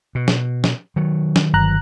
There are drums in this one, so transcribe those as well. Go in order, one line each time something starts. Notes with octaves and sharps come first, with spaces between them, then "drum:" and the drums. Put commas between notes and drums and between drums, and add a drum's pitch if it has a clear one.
B2
drum: snare
drum: snare
D#3 F#3
drum: snare
G1 A#5 F#6